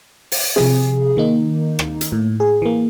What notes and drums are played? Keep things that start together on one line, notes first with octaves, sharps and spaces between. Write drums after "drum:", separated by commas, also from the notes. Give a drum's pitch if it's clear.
drum: open hi-hat
C3 F3 G#4, drum: snare
D#3 A#3 D#4
drum: rim click
drum: hi-hat
A2
G#4
E3 A#3